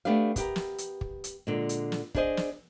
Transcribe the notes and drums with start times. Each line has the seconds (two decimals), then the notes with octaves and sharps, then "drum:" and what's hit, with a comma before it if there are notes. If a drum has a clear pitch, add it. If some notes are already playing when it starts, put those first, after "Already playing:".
0.05 A3 B3 D4 G4 F5
0.36 B3 G4 A#4, drum: kick, hi-hat
0.56 drum: snare
0.78 drum: hi-hat
1.01 drum: kick
1.24 drum: hi-hat
1.47 A#2 D3 G#3
1.69 drum: hi-hat
1.92 drum: snare
2.15 D4 E4 G#4 C5 D#5, drum: kick
2.37 drum: snare